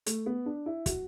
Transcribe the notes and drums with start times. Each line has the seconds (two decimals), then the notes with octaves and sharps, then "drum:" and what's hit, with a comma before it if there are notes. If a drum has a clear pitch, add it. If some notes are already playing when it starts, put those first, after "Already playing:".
0.06 A3, drum: hi-hat
0.26 B3
0.46 D4
0.66 E4
0.86 F#4, drum: kick, hi-hat